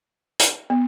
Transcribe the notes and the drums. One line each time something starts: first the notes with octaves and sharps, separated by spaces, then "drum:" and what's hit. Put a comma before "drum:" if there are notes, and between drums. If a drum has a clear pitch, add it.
drum: hi-hat
B3